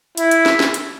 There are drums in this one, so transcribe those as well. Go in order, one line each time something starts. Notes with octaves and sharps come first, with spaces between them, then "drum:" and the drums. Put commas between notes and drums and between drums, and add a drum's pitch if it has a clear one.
E4, drum: hi-hat
drum: hi-hat
drum: snare
drum: snare
drum: hi-hat